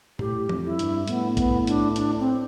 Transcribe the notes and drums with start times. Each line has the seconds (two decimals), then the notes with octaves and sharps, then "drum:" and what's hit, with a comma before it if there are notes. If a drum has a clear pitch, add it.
0.19 A2 G4, drum: tom A#2
0.49 F2, drum: tom
0.65 E4
0.79 G2, drum: hi-hat
1.07 A2 B3, drum: hi-hat
1.37 B3, drum: kick, hi-hat
1.67 D4, drum: hi-hat
1.96 D4, drum: hi-hat
2.19 C4